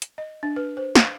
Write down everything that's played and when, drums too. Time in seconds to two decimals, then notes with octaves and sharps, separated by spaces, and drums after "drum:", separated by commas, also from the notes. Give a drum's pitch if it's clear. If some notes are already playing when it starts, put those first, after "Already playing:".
0.02 drum: hi-hat
0.18 D#5
0.43 D4
0.56 B4
0.77 C5
0.95 F5, drum: snare